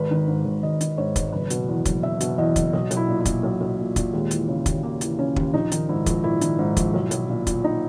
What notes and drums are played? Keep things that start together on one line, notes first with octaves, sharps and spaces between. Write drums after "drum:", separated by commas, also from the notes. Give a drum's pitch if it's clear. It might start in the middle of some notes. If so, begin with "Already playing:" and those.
Already playing: G#1 B4
D#3
G#2
G#1
G#1 D#5
D#3, drum: hi-hat
G#2 C#5
G#1, drum: kick, hi-hat
F#1 B4
B2, drum: hi-hat
E2
F#1, drum: kick, hi-hat
F#1 E5
B2, drum: hi-hat
E2 D#5
F#1, drum: kick, hi-hat
B1 D#5
B1, drum: hi-hat
E4
A#2
E4
A#2, drum: kick, hi-hat
B1
B1
A#2
A#2, drum: kick, hi-hat
D#2 G#3
E3, drum: hi-hat
C#3
D#2, drum: kick, hi-hat
D#2 A#3
E3, drum: hi-hat
C#3 C#4
D#2, drum: kick
A#1 D#4
D#3, drum: hi-hat
G#2 E4
A#1, drum: kick, hi-hat
A#1 E4
D#3, drum: hi-hat
G#2
A#1, drum: kick, hi-hat
B1
B1, drum: hi-hat
A#2
A#2, drum: kick, hi-hat
D#4